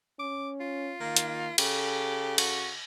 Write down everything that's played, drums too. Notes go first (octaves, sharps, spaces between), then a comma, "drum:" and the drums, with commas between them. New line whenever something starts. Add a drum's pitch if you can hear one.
C#4 D6
F4
D#3 A#3
drum: hi-hat
C#3 G4 A4, drum: cymbal
F#4, drum: cymbal